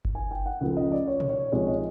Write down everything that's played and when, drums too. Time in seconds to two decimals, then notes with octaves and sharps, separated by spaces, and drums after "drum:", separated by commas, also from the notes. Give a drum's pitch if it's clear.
0.05 drum: kick G1
0.15 G#5
0.31 G5
0.46 F#5
0.61 C#2 C#3 F3 A3
0.77 D#5
0.92 D5
1.07 C#5
1.20 drum: tom
1.29 C#5
1.52 C2 C3 F3 G#3 C#5
1.68 D#5